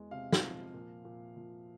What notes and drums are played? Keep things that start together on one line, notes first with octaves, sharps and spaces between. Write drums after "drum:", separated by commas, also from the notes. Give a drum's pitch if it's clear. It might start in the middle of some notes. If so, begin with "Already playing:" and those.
Already playing: E2 G#3
C3 F5
drum: snare
F3
A#2
A#2
F3